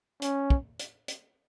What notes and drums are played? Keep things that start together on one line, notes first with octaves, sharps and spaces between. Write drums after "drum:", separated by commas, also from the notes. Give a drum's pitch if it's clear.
C#4, drum: hi-hat
drum: kick
drum: hi-hat
drum: hi-hat